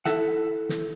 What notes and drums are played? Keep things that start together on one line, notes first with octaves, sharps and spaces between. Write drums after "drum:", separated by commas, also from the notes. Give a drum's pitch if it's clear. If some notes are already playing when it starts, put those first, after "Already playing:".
E4 A4 E5 F#5, drum: snare
drum: snare